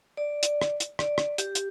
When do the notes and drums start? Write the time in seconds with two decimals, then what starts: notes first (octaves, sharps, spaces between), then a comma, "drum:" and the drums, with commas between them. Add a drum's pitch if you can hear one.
0.17 D5
0.43 drum: hi-hat
0.62 drum: rim click
0.80 drum: hi-hat
0.99 D5, drum: rim click
1.18 drum: rim click
1.38 G4, drum: hi-hat
1.55 drum: hi-hat